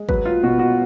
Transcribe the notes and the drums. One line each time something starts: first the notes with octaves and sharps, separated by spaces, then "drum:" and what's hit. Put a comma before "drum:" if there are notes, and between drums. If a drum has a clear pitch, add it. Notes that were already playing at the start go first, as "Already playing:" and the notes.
Already playing: G#3
F#3 B4, drum: kick
F4
B2 F#4
F#4